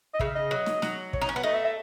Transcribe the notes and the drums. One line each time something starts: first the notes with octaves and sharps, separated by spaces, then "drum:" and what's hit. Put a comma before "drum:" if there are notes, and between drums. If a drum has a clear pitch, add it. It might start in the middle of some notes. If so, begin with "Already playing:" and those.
D#5
C#3 E5, drum: kick
D#5
F#3
drum: snare
F#3, drum: snare
C#5, drum: kick
D#4
C#4
B3
A3 D#5
E5
E5